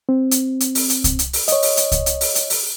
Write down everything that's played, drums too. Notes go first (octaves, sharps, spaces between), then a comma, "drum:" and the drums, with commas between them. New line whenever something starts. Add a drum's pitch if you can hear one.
C4
drum: hi-hat
drum: hi-hat
drum: open hi-hat
drum: hi-hat
drum: kick C2, hi-hat
drum: hi-hat
drum: open hi-hat
C#5 D#5, drum: hi-hat
drum: open hi-hat
drum: hi-hat
drum: kick C2, hi-hat
drum: hi-hat
drum: open hi-hat
drum: hi-hat
drum: open hi-hat